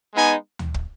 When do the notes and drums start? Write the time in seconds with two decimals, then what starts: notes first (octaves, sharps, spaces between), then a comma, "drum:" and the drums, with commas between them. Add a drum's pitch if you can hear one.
0.14 G#3 B3 D#4 G#5
0.59 drum: tom D2
0.74 drum: kick